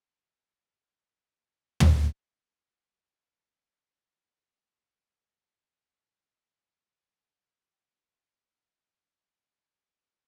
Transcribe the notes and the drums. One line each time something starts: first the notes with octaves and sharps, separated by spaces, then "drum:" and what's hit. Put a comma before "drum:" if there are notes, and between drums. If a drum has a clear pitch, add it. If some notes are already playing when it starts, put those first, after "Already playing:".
D#4 E4 F#4 G4
drum: tom
B3 C4 E4 G4
B3 E4 A4
F3
F#3 A#3
F3
F#4
A#3 C5 D5
C2 G#2 F5 A5 C6 C#6
G#4 G5 D6